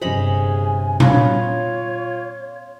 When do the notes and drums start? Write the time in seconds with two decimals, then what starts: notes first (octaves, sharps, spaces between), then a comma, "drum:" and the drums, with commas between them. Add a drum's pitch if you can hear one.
0.01 G1 C3 G#3 G#4 C5 D#5 G#5 B5
1.00 B3 C#4 F4 C#5 F5 A#5, drum: tom A#2